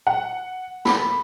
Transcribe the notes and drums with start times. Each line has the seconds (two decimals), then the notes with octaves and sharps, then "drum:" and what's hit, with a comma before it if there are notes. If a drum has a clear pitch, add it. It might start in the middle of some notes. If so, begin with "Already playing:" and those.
0.07 F#5
0.85 B5, drum: snare